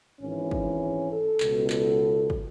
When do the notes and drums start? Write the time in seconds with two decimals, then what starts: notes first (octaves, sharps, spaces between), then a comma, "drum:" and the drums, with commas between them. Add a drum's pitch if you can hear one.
0.21 G#1 G#2 E3 C#4
0.51 drum: kick
1.11 A4
1.40 C#2 B2, drum: clap
1.70 A4, drum: clap
2.30 drum: kick